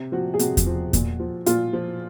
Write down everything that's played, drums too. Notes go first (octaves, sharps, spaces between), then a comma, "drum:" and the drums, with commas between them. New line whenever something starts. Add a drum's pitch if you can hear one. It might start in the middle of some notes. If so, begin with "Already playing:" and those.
Already playing: C3
F3 F#4
G#4
C3 F#4, drum: hi-hat
drum: kick E2, hi-hat
F3
A#2, drum: kick E2, hi-hat
F3
A#2 F4, drum: hi-hat
F3